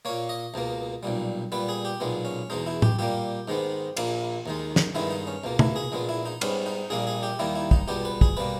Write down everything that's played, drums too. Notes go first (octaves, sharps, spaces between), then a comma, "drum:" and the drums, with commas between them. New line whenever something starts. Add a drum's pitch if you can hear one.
A#2 A#3 C#5
D#5
C#2 B2 A#3
B1 A#2 G3
A#2 G3 B3 B4
G#4
G4
B1 A#2 G#3 B3
C#4
E2 B2 G#3 D#4
E4
G4, drum: tom A2
A#2 G3 A#3 G4
G#2 D#3 G#3 B3
A#1 A#2 A#3, drum: cymbal
D#2 D#3 G#3
drum: snare
G2 D#3 G#3 B3 E4
D#4
C#4
C#2 B2 A#3
E4, drum: tom
G#4
A#1 A#2 G#3 B3
E4
D#4
G#2 G3 B3 C#4, drum: cymbal
D#4
A#1 A#2 G3 A#3 G#4
G#4
G4
D#2 D#3 G3 A#3 E4
E4
D#4, drum: kick
C#2 B2 G3 B3 G4
B4
G#4, drum: kick
B2 G3 A#3 B4